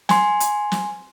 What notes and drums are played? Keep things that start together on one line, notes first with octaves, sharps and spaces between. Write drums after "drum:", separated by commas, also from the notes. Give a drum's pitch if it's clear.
G#5 C6, drum: snare
drum: hi-hat
drum: snare